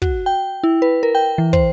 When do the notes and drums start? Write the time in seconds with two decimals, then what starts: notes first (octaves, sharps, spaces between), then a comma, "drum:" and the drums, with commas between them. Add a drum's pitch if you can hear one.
0.02 F#4, drum: kick
0.26 G5
0.63 E4
0.82 B4
1.03 A#4
1.15 G5
1.38 E3
1.53 C5, drum: kick